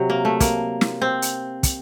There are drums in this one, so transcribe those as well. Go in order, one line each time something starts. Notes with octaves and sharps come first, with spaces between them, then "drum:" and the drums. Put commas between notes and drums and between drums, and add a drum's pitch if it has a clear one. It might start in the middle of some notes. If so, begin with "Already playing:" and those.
Already playing: C3 F#3
A#3
A3
A#3, drum: kick, hi-hat
drum: snare
C4
drum: hi-hat
drum: kick, hi-hat